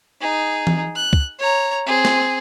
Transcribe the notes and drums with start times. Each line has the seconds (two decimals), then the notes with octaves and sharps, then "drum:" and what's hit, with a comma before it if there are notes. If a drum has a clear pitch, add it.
0.21 D#4 G#4
0.67 drum: tom E3
0.96 F#6
1.13 drum: kick
1.39 C#5 A#5
1.86 C4 G#4
2.05 drum: snare